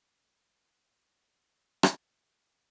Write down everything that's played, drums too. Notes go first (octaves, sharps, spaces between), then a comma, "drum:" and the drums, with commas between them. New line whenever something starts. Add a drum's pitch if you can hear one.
D4 A#4
F#4
drum: rim click
C#6